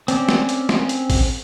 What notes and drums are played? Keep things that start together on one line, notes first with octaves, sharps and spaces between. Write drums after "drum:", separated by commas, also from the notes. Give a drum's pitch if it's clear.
C4 C#4 D5, drum: hi-hat
drum: snare
drum: hi-hat
drum: snare
drum: hi-hat
drum: kick A1, open hi-hat